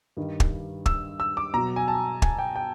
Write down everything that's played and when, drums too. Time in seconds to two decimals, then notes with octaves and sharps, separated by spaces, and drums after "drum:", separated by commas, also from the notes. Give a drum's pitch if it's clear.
0.17 G2 D#3 G3
0.40 drum: kick
0.86 E6, drum: kick
1.20 E6
1.37 D6
1.54 B2 F#3 A#5
1.76 G#5
1.88 A5
2.22 G#5, drum: kick
2.39 G5
2.56 G5